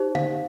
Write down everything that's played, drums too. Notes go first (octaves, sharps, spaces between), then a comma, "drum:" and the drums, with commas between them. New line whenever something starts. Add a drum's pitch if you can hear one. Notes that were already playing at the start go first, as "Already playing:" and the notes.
Already playing: D#4 G4 C5
F5, drum: tom D3